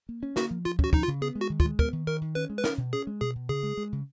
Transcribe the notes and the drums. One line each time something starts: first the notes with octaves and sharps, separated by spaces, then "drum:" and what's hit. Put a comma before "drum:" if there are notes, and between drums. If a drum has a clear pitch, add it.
A#3
C#4
A#3 F#4, drum: snare
F3
F3 F4
C#4 F#4, drum: kick
F3 D#4, drum: kick
F4
C#3
B3 G#4
G#3
F#4
D#3
F4, drum: kick
G#3
B3 A#4, drum: kick
D#3
D#3 A#4
D#3
C#4 B4
G#3
B4
C#4 A#4, drum: snare
B2
C#4 G#4
G#3
B2 G#4
B2
C#3 G#4
G#3
G#3
C#3